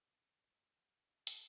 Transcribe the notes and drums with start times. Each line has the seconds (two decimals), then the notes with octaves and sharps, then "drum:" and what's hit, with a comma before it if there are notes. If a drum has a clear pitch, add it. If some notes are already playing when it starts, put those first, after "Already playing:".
0.09 G#3 B3
0.24 E3
0.38 G#3
0.43 B3
0.54 E3
0.67 G#3 B3
0.82 E3
0.98 G#3 B3
1.12 C#3
1.27 F#3 A#3 C#4, drum: hi-hat